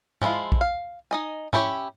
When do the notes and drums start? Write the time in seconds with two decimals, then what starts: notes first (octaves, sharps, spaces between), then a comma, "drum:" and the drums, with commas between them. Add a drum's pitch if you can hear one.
0.22 F3 G#3 C#4 E4 F4, drum: tom
0.52 drum: kick A#1
0.61 F5
1.11 D#4 D#5 G#5
1.53 C#4 E4 G4 C#5, drum: tom